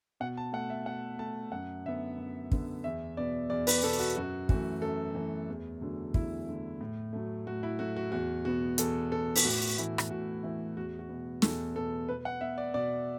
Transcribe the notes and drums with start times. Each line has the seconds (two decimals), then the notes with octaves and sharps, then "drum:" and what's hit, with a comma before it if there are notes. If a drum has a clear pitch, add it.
0.20 B2 F#5
0.37 A5
0.53 A3 F#5
0.70 E5
0.86 B2 F#5
1.19 A3 A5
1.52 F#2 F#5
1.86 D3 B3 E5
2.18 F#2
2.52 D3 B3, drum: kick
2.84 E2 E5
3.17 B2 B3 D5
3.50 E2 D5
3.67 B4, drum: open hi-hat
3.83 B2 B3 A4
4.00 F#4
4.16 F#2 F#4
4.49 E3 A3 F#4, drum: kick
4.82 F#2 A4
5.15 E3 A3
5.48 E2
5.81 D3 F#3 A3
6.14 E2 E4, drum: kick
6.47 D3 F#3 A3
6.81 A2
7.13 F#3 A3
7.47 A2 F#4
7.63 E4
7.79 F#3 A3 F#4
7.97 F#4
8.12 E2 F#4
8.45 B2 B3 F#4
8.78 E2 A4, drum: hi-hat
9.12 B2 B3 A4
9.36 drum: open hi-hat
9.45 A2 F#4
9.78 E3 A3 E4
9.98 drum: rim click
10.10 A2 F#4
10.43 E3 A3 E4
10.77 E2 F#4
10.99 F#4
11.09 B2 B3
11.42 E2 A4, drum: snare
11.75 B2 B3 A4
12.09 B2 B4
12.25 F#5
12.41 B3 E5
12.58 D5
12.74 B2 D5